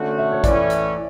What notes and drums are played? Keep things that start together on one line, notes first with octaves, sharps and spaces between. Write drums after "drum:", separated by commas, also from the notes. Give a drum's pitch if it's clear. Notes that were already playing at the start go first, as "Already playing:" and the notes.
Already playing: D3 A3 C#4 F#4
E5
C#5
A2 E3 A3 C#4 E4 D5, drum: kick, hi-hat
drum: hi-hat